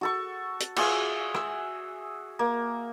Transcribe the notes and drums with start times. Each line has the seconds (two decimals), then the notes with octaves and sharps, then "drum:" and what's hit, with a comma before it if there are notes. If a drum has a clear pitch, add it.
0.01 F#4 A4 C#6
0.60 drum: hi-hat
0.76 F4 F#4 G#4 E5, drum: cymbal
1.35 E6, drum: rim click
2.39 A#3